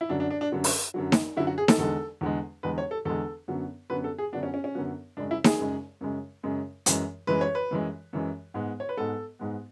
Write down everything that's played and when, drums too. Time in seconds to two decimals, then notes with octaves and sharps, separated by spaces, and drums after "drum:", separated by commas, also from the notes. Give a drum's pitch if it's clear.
0.01 E4
0.09 F#2 D3 F#3 D4
0.20 D4
0.30 D4
0.41 D4
0.52 F#2 D3 F#3
0.64 drum: open hi-hat
0.94 F#2 D3 F#3
1.12 drum: snare D#4
1.37 F#2 D3 F#3 E4
1.47 F#4
1.58 G#4
1.68 A4, drum: snare D#4
1.78 E2 D3 G#3 A4
2.21 E2 D3 G#3
2.63 E2 D3 G#3 B4
2.78 C#5
2.91 A4
3.05 E2 D3 G#3 A4
3.48 F#2 D3 F#3 B3
3.90 F#2 D3 F#3 B3 B4
4.04 A4
4.18 G#4
4.32 F#2 D3 F#3 B3 D4
4.43 C#4
4.54 C#4
4.64 C#4
4.75 F#2 D3 F#3 B3
5.17 F#2 C#3 G#3 D4
5.31 E4
5.44 G#4, drum: snare D#4
5.59 F#2 C#3 G#3
6.01 F#2 C#3 G#3
6.43 F#2 C#3 G#3
6.86 F#2 E3 G#3, drum: hi-hat
7.27 F#2 E3 G#3 B4
7.41 C#5
7.55 B4
7.71 F#2 E3 G#3
8.13 F#2 E3 G#3
8.54 G#2 G#3 B3
8.80 C#5
8.89 B4
8.97 G#2 G#3 B3 A4
9.39 G#2 G#3 B3